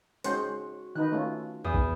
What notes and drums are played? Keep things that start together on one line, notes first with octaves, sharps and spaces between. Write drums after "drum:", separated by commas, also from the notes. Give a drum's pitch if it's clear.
G#3 C#4 F#4 C5, drum: hi-hat
D#3 D#4 B4 F#6
A3 C#4 F4
E2 D#6
drum: kick